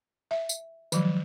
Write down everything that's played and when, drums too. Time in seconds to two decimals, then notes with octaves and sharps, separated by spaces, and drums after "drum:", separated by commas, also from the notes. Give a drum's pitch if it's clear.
0.31 E5
0.49 drum: tambourine
0.92 D#3 F3 F#3 G#3, drum: tambourine